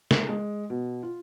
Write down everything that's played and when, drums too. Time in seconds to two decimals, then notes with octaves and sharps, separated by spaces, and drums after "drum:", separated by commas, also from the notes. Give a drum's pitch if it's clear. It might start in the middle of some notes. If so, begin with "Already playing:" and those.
0.11 drum: snare
0.29 G#3
0.70 B2
1.03 F4